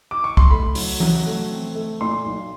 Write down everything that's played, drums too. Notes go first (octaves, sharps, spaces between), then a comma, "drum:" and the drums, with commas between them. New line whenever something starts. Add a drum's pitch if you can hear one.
D6
C#6
C6, drum: kick
A3 B5
F#3, drum: open hi-hat
F#3, drum: tom E3
A3
C4
A3
A#2 C6
B1